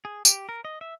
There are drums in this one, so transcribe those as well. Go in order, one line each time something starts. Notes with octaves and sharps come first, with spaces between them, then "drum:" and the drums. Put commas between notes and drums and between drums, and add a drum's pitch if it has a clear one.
G#4
G4, drum: tambourine
A#4
D#5
E5